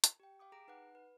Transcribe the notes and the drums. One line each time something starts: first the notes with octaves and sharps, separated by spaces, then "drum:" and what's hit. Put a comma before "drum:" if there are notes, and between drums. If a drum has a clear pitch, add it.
drum: hi-hat
G4 G5
F5 G5 D6 D#6
G#4 A#5 A#6 D7
D#4 B4 F#5 F#6
B4